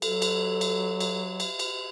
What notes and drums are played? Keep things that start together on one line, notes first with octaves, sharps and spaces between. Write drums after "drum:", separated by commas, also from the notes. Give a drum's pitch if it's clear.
F#3 A4, drum: cymbal
drum: cymbal
drum: cymbal
drum: cymbal
drum: cymbal
drum: cymbal